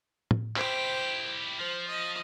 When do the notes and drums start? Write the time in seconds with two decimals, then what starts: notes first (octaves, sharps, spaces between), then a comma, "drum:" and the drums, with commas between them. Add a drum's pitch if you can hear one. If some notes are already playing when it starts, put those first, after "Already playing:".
0.31 drum: tom
0.56 E4 G4 C5 G5, drum: clap
1.59 F3 C5
1.88 D#5